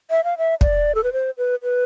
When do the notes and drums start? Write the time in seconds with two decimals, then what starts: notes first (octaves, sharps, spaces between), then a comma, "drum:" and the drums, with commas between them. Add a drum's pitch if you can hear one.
0.10 E5
0.24 F5
0.38 E5
0.61 D5, drum: kick
0.95 A4
1.04 B4
1.13 C5
1.38 B4
1.63 B4